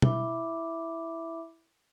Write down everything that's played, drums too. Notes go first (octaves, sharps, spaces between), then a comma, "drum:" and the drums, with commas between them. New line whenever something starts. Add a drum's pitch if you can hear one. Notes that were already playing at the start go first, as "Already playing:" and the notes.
E4 E5 B5 D6, drum: tom